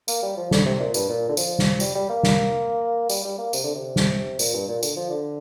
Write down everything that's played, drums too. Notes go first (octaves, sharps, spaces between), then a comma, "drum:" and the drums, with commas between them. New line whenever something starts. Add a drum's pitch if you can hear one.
A#3, drum: tambourine
G3
F3
D3, drum: snare
C3
A#2
G2, drum: tambourine
A#2
D3
F3, drum: tambourine
drum: snare
G3, drum: tambourine
G3
A#3
drum: snare
G3, drum: tambourine
G3
A#3
C3, drum: tambourine
D3
C3
drum: snare
A#2, drum: tambourine
G2
A#2
D3, drum: tambourine
F3
D3